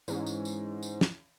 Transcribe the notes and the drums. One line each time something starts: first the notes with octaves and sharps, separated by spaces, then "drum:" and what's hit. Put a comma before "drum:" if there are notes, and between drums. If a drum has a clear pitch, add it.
G#2 E3 C#4, drum: tambourine
drum: tambourine
drum: tambourine
drum: tambourine
drum: snare